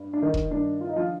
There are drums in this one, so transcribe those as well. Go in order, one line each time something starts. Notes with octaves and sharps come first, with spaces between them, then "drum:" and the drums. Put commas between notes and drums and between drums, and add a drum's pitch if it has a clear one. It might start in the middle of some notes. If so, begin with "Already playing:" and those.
Already playing: G2
D4
D#3 D#4
drum: kick E1
G2 D#3 D4
F4
D#4
F3 F4